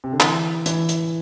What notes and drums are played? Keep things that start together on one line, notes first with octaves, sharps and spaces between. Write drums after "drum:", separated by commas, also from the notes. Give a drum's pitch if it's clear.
C3
D3
E3, drum: clap
E3, drum: hi-hat
drum: hi-hat